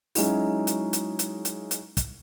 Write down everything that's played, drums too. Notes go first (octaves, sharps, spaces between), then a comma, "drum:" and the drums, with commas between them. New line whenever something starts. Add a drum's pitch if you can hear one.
F#3 G#3 C#4 D#4 E4 F#4, drum: open hi-hat
drum: hi-hat
drum: hi-hat
drum: hi-hat
drum: hi-hat
drum: hi-hat
drum: kick, hi-hat